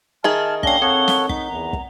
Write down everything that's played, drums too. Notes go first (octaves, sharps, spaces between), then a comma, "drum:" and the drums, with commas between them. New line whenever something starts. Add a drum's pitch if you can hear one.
D#3 G#4 D#5 E5 A5 F6
A#3 C#4 D4 F5 G5 G7, drum: kick
C4 A4 C#5 F#5
drum: snare
D#4 F#5, drum: kick
E2 A#5
drum: kick